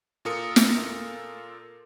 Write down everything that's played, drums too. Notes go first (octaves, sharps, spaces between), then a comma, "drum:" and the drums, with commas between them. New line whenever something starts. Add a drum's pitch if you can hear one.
A#2 F4 A4 A#4 D#6 C#7
drum: snare